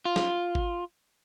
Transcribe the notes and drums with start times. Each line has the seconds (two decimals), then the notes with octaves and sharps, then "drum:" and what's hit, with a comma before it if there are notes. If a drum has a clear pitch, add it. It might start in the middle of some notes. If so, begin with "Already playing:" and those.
0.05 F4
0.16 drum: snare
0.55 drum: kick G#1